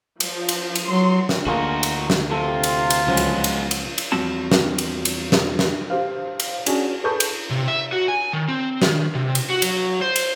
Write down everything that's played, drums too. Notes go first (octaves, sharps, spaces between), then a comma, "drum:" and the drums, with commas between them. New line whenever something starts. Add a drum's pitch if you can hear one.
F3, drum: cymbal
drum: cymbal
drum: cymbal
F#3 C6
drum: snare
D2 D3 A#3 D#4 F4 F#4 G#4
drum: cymbal
drum: snare
C3 F4 A4
drum: cymbal
drum: cymbal
C#2 F3 F#3 G#3 B3
drum: cymbal
drum: cymbal
drum: cymbal
drum: cymbal
E2 F3 G3 C4 F#4 A5
drum: snare
drum: cymbal
drum: cymbal
drum: snare
drum: snare
G4 C5 F5
drum: cymbal
C#4 D4 F#4 G#4 D5, drum: cymbal
G#4 A4 B4 A5 C#6 G6
drum: cymbal
C3
E5
F#4
G#5
D#3
C4
D#3, drum: snare
C3
drum: cymbal
F#4
F#3, drum: cymbal
C5
drum: cymbal